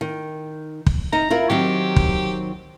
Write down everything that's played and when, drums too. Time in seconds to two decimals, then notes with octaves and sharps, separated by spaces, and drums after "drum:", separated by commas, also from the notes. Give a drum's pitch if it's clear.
0.01 D#3
0.87 drum: kick
1.13 D#4 A#5
1.30 E4 F4 A#4
1.50 D#3 F#3 C4 G4
1.96 drum: kick